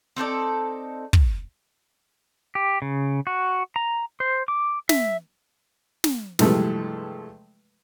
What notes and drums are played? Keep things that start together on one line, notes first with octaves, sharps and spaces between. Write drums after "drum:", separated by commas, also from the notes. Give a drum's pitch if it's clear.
C4 D#4 A4 D5
drum: kick
G4
C#3
F#4
A#5
C5
D6
E5, drum: snare
drum: snare
G2 C3 E3 F3 G#3 A3, drum: snare